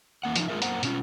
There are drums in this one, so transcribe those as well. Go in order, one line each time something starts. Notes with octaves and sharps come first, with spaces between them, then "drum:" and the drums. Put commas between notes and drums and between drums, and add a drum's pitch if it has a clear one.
E2 A#3 F#5
F3 A#3 D#4, drum: hi-hat
G#3 F4 G#4 A#4 E5
F#2 A#3 C5 F#5 A#5, drum: hi-hat
B2 C#4 F4, drum: hi-hat